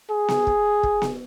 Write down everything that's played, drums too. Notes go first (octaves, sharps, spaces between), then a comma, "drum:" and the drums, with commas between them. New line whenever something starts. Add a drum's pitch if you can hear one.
G#4
drum: snare B3
drum: kick
drum: kick
drum: snare B3